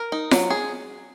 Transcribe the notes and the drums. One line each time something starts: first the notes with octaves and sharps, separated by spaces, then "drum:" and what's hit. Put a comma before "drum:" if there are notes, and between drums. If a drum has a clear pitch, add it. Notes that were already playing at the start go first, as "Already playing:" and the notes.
Already playing: A#4
D#4
F#3, drum: snare F4
G#4